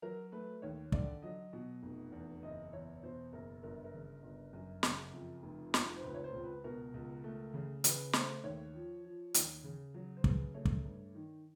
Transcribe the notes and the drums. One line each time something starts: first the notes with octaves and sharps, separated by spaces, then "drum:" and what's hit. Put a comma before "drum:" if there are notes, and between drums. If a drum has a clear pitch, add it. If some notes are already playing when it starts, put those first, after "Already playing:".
F#3 A#4
A3 B4
D#2 C#5
D3 D5, drum: kick
F#3 D#5
B2
F1
E2
F#1 D#5
E2 C#5
B2 C5
F#1 A#4
G1 A#4
A#4
C#3
G1
F#2
C#3, drum: snare
F2
F1
F2, drum: snare
C5
C#2 B4
C#5
C5
C#2
B4
B2 A#4
C#2
A3
C#3
C#3 B4, drum: hi-hat
A3 C5, drum: snare
D#2 C#5
F3
F3
D#2, drum: hi-hat
C#3
F#3
C5
C#3 B4, drum: kick
A3 C#5
drum: kick
G2
D#3